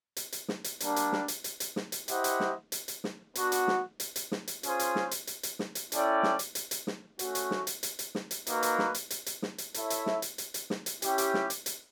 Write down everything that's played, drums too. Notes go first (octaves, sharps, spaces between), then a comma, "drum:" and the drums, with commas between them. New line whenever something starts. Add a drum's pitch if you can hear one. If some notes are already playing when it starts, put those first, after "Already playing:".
drum: hi-hat
drum: hi-hat
drum: snare
drum: hi-hat
G3 A#3 D4, drum: hi-hat
drum: hi-hat
drum: snare
drum: hi-hat
drum: hi-hat
drum: hi-hat
drum: snare
drum: hi-hat
E4 G4 C5 D#5 F#5, drum: hi-hat
drum: hi-hat
drum: snare
drum: hi-hat
drum: hi-hat
drum: snare
B3 D4 F#4, drum: hi-hat
drum: hi-hat
drum: snare
drum: hi-hat
drum: hi-hat
drum: snare
drum: hi-hat
C#4 F4 G#4 C5, drum: hi-hat
drum: hi-hat
drum: snare
drum: hi-hat
drum: hi-hat
drum: hi-hat
drum: snare
drum: hi-hat
C#4 E4 A4 D5 G5, drum: hi-hat
drum: snare
drum: hi-hat
drum: hi-hat
drum: hi-hat
drum: snare
A3 C#4 F#4, drum: hi-hat
drum: hi-hat
drum: snare
drum: hi-hat
drum: hi-hat
drum: hi-hat
drum: snare
drum: hi-hat
A#3 D#4 F#4 B4, drum: hi-hat
drum: hi-hat
drum: snare
drum: hi-hat
drum: hi-hat
drum: hi-hat
drum: snare
drum: hi-hat
E4 A4 C#5 E5, drum: hi-hat
drum: hi-hat
drum: snare
drum: hi-hat
drum: hi-hat
drum: hi-hat
drum: snare
drum: hi-hat
C#4 E4 G4, drum: hi-hat
drum: hi-hat
drum: snare
drum: hi-hat
drum: hi-hat